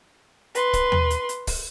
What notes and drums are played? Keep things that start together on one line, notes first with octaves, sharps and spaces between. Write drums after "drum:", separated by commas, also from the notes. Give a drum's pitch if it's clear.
B4 C6, drum: hi-hat
drum: kick, hi-hat
drum: tom
drum: hi-hat
drum: hi-hat
drum: kick, open hi-hat